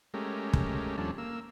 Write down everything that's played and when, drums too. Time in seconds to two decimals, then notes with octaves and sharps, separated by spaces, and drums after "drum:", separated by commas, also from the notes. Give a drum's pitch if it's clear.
0.14 G#3 A3 C#4 G4 A#4
0.53 drum: kick
0.98 D#2 F3 G3 C#4 D4 A4
1.18 A#3 E6